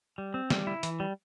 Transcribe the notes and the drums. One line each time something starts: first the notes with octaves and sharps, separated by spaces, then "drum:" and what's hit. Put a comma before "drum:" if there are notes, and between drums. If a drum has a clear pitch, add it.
G3
C4
G3, drum: snare
E4
E3, drum: hi-hat
G3